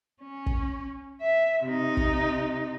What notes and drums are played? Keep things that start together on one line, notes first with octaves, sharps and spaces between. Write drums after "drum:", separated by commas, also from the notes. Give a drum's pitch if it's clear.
C#4
drum: kick
E5
C3 D#4
drum: kick